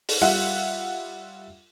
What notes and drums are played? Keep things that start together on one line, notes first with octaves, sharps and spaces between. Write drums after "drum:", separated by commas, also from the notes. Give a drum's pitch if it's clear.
drum: open hi-hat
G3 F4 E5 F#5